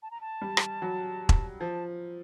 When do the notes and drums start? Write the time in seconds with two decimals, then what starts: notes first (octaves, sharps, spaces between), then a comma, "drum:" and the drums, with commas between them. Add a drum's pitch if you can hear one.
0.03 A5
0.11 A#5
0.21 A5
0.42 G3
0.57 drum: rim click
0.82 F#3
1.29 drum: kick E1
1.60 F3 A5